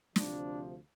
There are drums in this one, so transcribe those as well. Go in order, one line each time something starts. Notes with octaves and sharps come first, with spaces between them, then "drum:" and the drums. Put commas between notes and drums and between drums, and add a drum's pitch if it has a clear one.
D2 C3 F3 D4, drum: snare